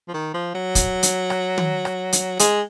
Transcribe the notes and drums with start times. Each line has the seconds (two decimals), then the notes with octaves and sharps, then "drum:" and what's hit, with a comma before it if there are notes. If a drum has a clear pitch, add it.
0.08 F3
0.14 D#3
0.34 F3
0.55 F#3
0.75 drum: kick, hi-hat
1.03 drum: hi-hat
1.30 drum: rim click
1.58 drum: tom
1.85 drum: rim click
2.13 drum: hi-hat
2.39 G#3, drum: hi-hat